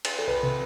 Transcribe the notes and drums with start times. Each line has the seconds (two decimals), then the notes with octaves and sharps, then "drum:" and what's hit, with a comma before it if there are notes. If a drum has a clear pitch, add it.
0.05 drum: cymbal
0.19 A4
0.27 C2 B4
0.43 C3